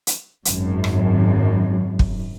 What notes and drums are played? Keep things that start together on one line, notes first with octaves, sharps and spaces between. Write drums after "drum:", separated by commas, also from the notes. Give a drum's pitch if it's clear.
drum: hi-hat
G#1 F#2, drum: hi-hat
drum: rim click
drum: kick